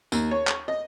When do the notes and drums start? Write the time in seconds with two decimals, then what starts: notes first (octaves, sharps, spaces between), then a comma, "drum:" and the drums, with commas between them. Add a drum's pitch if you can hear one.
0.12 D#2, drum: tambourine
0.31 C#5
0.47 drum: clap
0.68 D#5